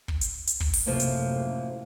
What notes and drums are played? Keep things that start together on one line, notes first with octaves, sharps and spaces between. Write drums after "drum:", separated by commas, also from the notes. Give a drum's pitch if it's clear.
drum: kick
drum: hi-hat
drum: hi-hat
drum: kick
drum: open hi-hat
F#2 A2 C3 F3 A3 A#3
drum: hi-hat